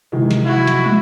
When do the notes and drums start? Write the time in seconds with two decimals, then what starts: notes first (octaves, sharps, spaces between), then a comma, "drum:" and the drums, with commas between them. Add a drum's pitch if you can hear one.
0.12 C3 D#3 E3 G#3
0.31 drum: snare
0.46 E4 F#4
0.67 drum: snare
0.86 drum: tom